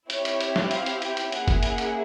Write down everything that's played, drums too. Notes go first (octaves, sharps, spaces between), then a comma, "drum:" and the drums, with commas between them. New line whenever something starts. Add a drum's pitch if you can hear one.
C4 E4 G4 C#5, drum: hi-hat
drum: hi-hat
drum: hi-hat
drum: snare
F5, drum: hi-hat
drum: hi-hat
G5, drum: hi-hat
drum: hi-hat
A#3 C#4 E4 G#4 F#5, drum: hi-hat
drum: kick, hi-hat
F#5, drum: hi-hat
drum: hi-hat